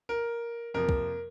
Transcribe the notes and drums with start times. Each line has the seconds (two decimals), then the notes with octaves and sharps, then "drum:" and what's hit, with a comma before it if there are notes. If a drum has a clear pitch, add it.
0.09 A#4
0.74 F2 C3 F3 A#3 A#4
0.89 drum: kick